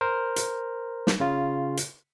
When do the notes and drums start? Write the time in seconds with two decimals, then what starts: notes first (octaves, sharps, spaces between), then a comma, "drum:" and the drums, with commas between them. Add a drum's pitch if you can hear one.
0.01 A#4 C5
0.36 drum: hi-hat
1.07 drum: snare
1.20 C#3 F4
1.77 drum: hi-hat